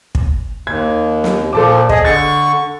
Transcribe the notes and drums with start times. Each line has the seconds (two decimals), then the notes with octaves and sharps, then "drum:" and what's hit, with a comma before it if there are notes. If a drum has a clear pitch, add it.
0.15 drum: kick
0.67 D#2 G#6
1.24 drum: snare
1.53 A#2 F3 A4 A5 D6
1.89 G#4 D#5, drum: kick
2.05 D3 C#6 A6